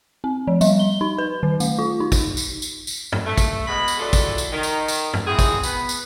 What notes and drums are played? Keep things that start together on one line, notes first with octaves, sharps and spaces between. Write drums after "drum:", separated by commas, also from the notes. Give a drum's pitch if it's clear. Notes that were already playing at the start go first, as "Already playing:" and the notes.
C4
F3
G3, drum: tambourine
G7
D#4
B4
D#3
A3, drum: tambourine
F4
D#4
drum: kick, tambourine
drum: tambourine
drum: tambourine
drum: tambourine
drum: tom G2
A3
drum: kick, tambourine
B2 G#3 F#4 G#4 B5
drum: tambourine
E3 F#3 G#3 D4 F4 A4
drum: kick, tambourine
drum: tambourine
D#3
drum: tambourine
drum: tambourine
drum: tom G2
C4 E4 F#4 G#4
drum: kick, tambourine
B3, drum: tambourine
drum: tambourine